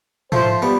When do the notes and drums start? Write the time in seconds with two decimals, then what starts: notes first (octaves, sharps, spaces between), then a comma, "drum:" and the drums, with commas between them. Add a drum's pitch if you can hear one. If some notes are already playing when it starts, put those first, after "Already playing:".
0.32 F3 A3 C5, drum: tom
0.62 G3 B3